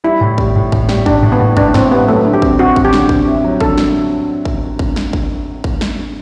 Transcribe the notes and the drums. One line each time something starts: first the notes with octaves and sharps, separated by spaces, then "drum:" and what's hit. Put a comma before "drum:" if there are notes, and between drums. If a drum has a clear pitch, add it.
G3 E4
A2
G3, drum: kick
A2
A2, drum: kick
G3, drum: snare
A2 D4, drum: kick
A2
B3
A2
A2 D4, drum: kick
A2 C4, drum: snare
G3 B3
F#3 A3
D3
G4
C4, drum: kick
C4 F#4
F#3, drum: kick
G4
D3, drum: snare
C4, drum: kick
E4
F#3
D3 A4, drum: kick
drum: snare
drum: kick
drum: kick
drum: snare
drum: kick
drum: kick
drum: snare